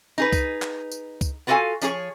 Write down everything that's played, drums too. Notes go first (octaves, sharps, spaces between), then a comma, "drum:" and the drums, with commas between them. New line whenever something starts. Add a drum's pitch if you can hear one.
D#4 G#4 B4
drum: kick C#2, tambourine
drum: clap
drum: tambourine
drum: kick C#2, tambourine
B3 F4 F#4 A4 F5 G#5
F3 D4 G#4 C#5, drum: tambourine